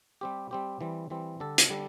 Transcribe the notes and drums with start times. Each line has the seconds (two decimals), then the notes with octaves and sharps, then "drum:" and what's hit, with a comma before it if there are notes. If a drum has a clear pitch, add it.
0.21 G3 C4 G4
0.51 G3 C4 G4
0.81 E3 G3 C4
1.10 E3 G3 C4
1.40 D3 G3 D4 A4
1.58 drum: hi-hat
1.70 D3 G3 D4 A4